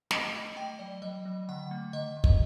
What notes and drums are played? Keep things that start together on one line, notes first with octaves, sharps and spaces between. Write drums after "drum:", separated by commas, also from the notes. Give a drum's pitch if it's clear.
A3 D#5, drum: snare
A3 D#5
A3 G5
F#3 D5
F#3 D#5
F#3
D3 F#5
A3
D3 D#5
D3
D#5, drum: kick